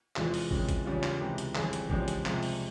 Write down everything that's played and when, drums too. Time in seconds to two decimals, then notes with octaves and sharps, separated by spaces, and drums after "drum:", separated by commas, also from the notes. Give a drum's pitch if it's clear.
0.16 F1 E2 E3 G#3 F4, drum: clap
0.34 drum: open hi-hat
0.51 F2 C#3 E3 G#3, drum: kick
0.69 drum: kick, hi-hat
0.85 E2 C#3 G3 F4
1.03 drum: clap
1.20 C#2 C3 E3 G#3 G4
1.38 drum: hi-hat
1.55 G1 F2 E3 G3 G#4, drum: clap
1.73 drum: hi-hat
1.90 E2 C#3 F3 G#3 G4, drum: kick
2.08 drum: hi-hat
2.26 C2 C3 F3 G#3, drum: clap
2.43 drum: open hi-hat